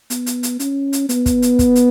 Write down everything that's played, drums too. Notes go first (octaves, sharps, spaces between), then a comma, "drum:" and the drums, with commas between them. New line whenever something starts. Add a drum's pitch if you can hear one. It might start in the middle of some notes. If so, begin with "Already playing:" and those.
B3, drum: hi-hat
drum: hi-hat
drum: hi-hat
C#4, drum: hi-hat
drum: hi-hat
B3, drum: hi-hat
drum: kick, hi-hat
drum: hi-hat
drum: kick, hi-hat
drum: hi-hat